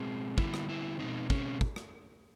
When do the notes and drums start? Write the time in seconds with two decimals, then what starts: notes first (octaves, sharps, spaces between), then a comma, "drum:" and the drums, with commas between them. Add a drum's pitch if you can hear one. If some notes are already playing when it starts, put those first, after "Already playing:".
Already playing: B2 G#3 C4 G#4
0.38 D3 G3 B3 E4, drum: kick
0.54 drum: rim click
0.69 E4
0.99 B2 G#3 C4 D#4
1.30 C#4, drum: kick
1.61 drum: kick
1.76 drum: rim click